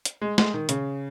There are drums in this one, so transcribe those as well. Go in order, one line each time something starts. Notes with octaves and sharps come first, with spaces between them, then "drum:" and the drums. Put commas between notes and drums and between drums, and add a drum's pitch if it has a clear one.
drum: hi-hat
G#3
G#3, drum: snare
D#3
C#3, drum: hi-hat